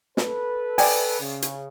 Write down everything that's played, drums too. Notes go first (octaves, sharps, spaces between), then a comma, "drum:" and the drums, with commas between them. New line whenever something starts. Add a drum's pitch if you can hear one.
A4 B4, drum: snare
D5 G5 G#5, drum: open hi-hat
C#3
drum: hi-hat